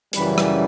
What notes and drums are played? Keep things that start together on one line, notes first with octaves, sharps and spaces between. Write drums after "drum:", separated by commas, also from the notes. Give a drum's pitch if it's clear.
F#2 C#3 E3 G3 B4, drum: hi-hat
drum: rim click